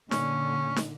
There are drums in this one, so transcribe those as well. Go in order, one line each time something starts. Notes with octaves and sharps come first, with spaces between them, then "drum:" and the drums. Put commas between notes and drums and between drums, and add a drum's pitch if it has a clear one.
A#2 D3 C#4, drum: snare
drum: snare